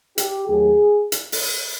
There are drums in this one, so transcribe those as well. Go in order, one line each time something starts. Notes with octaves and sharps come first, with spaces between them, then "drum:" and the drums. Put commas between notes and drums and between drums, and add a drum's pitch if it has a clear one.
G4, drum: hi-hat
D#2 D#3 F#3 A3 G#4
drum: hi-hat
drum: open hi-hat